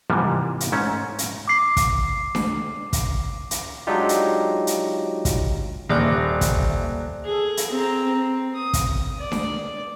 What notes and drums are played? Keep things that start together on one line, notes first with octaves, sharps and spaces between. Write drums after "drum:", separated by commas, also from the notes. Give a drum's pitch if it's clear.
G#2 C3 E3 F3 G3 A#3
drum: hi-hat
G#2 A3 C#4 A4
drum: hi-hat
D6 C7
drum: kick, hi-hat
drum: snare D4
drum: kick, hi-hat
drum: hi-hat
F#3 G#3 D4 D#4 F4 G4
drum: hi-hat
drum: hi-hat
drum: kick, hi-hat
D#1 A#3 D5 F#6
drum: kick, hi-hat
G#4 A4
drum: hi-hat
C4 A#5
C4
D#6
drum: kick, hi-hat
D5
drum: snare D4